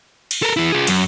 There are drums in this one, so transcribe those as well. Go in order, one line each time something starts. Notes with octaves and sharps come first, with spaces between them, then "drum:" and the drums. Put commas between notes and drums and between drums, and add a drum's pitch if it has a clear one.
drum: cymbal
A4 A#4
E2 E4
F4 G#4
F#2, drum: cymbal